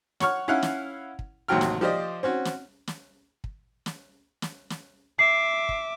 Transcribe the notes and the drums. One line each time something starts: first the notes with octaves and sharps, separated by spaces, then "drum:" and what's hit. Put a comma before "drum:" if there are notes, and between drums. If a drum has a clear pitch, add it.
C#5 F#5 C#6 F6, drum: snare
C#4 E4 F5 F#5 F#6
drum: snare
drum: kick
A1 D#2 C3 F#3 G5 F6
drum: snare
F3 G4 C5 D5 D#5
C4 C#4 F#4
drum: snare
drum: snare
drum: kick
drum: snare
drum: snare
drum: snare
E5 D6 C7
drum: kick